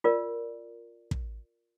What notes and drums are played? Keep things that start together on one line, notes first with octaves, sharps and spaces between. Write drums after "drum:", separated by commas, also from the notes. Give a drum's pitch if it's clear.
F4 A#4 D5
drum: kick